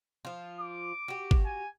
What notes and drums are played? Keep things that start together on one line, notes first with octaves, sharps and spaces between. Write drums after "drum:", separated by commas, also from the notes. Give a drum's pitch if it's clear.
F3 F4
D6
F#4 G4
drum: kick G#1
G#5